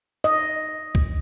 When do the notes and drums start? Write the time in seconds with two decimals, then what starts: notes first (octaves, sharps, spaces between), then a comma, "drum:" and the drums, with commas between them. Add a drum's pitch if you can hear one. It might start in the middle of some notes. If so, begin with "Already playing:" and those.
0.24 D#5
0.95 drum: kick C#2